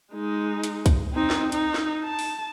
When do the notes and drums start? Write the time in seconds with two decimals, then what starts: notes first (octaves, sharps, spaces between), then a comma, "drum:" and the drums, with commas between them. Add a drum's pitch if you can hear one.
0.12 G#3 D#4
0.63 drum: hi-hat
0.86 drum: kick, hi-hat
1.13 C4 D#4
1.30 drum: snare
1.52 D#4, drum: hi-hat
1.74 drum: snare
2.04 A5
2.19 drum: open hi-hat